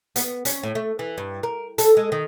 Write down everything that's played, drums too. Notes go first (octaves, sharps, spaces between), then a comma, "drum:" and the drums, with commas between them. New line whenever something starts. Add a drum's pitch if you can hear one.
B3, drum: hi-hat
C#4, drum: hi-hat
A2
A3
E3
G2
A#4
A4, drum: hi-hat
G#3
D#3